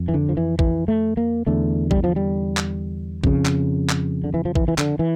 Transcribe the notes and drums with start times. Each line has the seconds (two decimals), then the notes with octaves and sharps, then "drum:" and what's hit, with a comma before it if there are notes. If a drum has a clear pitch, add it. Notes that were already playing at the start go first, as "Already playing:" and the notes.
Already playing: F2
0.08 E3
0.14 D3
0.29 F3
0.37 E3
0.59 E3, drum: kick
0.88 A3
1.17 A#3
1.47 E2 D3 A3
1.91 G3, drum: kick
2.04 F3
2.16 G3
2.57 drum: clap
3.24 F2 C#3, drum: kick
3.45 drum: clap
3.89 drum: clap
4.24 D3
4.34 E3
4.45 F3
4.55 E3, drum: kick
4.68 E3
4.78 D3, drum: clap
4.99 E3